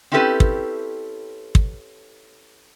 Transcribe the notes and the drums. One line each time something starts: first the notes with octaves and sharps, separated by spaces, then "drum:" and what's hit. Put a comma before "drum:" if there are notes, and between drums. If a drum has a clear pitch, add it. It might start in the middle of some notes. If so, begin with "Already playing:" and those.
C4 C#4 E4 G4 A4 B4
drum: kick
drum: kick